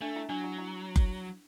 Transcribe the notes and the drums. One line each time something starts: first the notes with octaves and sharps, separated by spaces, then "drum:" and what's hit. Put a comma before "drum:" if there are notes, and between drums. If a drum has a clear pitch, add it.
A3 D4
E4
F#3 D4
E4
E4
drum: kick F#1